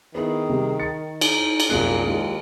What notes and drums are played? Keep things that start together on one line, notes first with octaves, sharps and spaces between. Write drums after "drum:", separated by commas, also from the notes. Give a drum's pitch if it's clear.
D#3 B3 E4 G#4
C3 G3
A6 C#7
D#4, drum: cymbal
drum: cymbal
C2 F#2 A#2 G#4 F#6
D#2 G#3 F4 G4